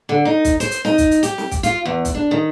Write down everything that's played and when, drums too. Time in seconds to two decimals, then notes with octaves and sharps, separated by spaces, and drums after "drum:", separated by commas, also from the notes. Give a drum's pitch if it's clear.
0.09 D3
0.25 D#4
0.45 drum: kick, hi-hat
0.60 C5, drum: hi-hat
0.71 drum: hi-hat
0.85 D#4, drum: snare
0.98 drum: kick, hi-hat
1.11 drum: hi-hat
1.23 G4, drum: hi-hat
1.38 drum: snare
1.51 drum: kick, hi-hat
1.63 F4, drum: hi-hat
1.85 E2
2.05 drum: kick, hi-hat
2.15 D4
2.31 D#3